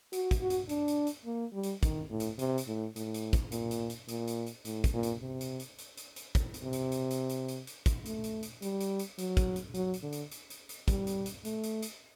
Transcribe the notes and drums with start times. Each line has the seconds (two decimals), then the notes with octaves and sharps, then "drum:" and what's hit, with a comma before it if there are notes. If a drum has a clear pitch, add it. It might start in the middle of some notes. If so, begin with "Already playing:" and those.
0.12 F#4, drum: hi-hat
0.31 drum: kick, hi-hat
0.41 F#4
0.50 drum: hi-hat
0.69 D4, drum: hi-hat
0.88 drum: hi-hat
1.07 drum: hi-hat
1.25 A#3
1.53 G3
1.63 drum: hi-hat
1.83 D#3, drum: kick, hi-hat
2.11 A2
2.20 drum: hi-hat
2.39 C3, drum: hi-hat
2.58 drum: hi-hat
2.68 A2
2.96 A2, drum: hi-hat
3.14 drum: hi-hat
3.33 drum: kick, hi-hat
3.52 A#2, drum: hi-hat
3.71 drum: hi-hat
3.90 drum: hi-hat
4.08 A#2, drum: hi-hat
4.27 drum: hi-hat
4.46 drum: hi-hat
4.65 A2, drum: hi-hat
4.84 drum: kick, hi-hat
4.94 A#2
5.03 drum: hi-hat
5.21 C3
5.41 drum: hi-hat
5.59 drum: hi-hat
5.78 drum: hi-hat
5.97 drum: hi-hat
6.16 drum: hi-hat
6.35 drum: kick, hi-hat
6.54 drum: hi-hat
6.63 C3
6.73 drum: hi-hat
6.92 drum: hi-hat
7.10 drum: hi-hat
7.29 drum: hi-hat
7.48 drum: hi-hat
7.67 drum: hi-hat
7.86 drum: kick, hi-hat
8.05 A3, drum: hi-hat
8.24 drum: hi-hat
8.43 drum: hi-hat
8.62 G3, drum: hi-hat
8.80 drum: hi-hat
8.99 drum: hi-hat
9.18 F#3, drum: hi-hat
9.37 drum: kick, hi-hat
9.56 drum: hi-hat
9.74 F#3, drum: hi-hat
9.93 drum: hi-hat
10.03 D3
10.12 drum: hi-hat
10.31 drum: hi-hat
10.50 drum: hi-hat
10.69 drum: hi-hat
10.88 G3, drum: kick, hi-hat
11.07 drum: hi-hat
11.26 drum: hi-hat
11.45 A3, drum: hi-hat
11.63 drum: hi-hat
11.82 drum: hi-hat